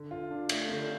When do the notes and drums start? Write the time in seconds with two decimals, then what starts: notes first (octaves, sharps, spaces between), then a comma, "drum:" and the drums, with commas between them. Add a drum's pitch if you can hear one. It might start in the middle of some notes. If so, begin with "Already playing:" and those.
Already playing: D3
0.11 F4
0.31 D4
0.49 A3, drum: cymbal
0.69 D3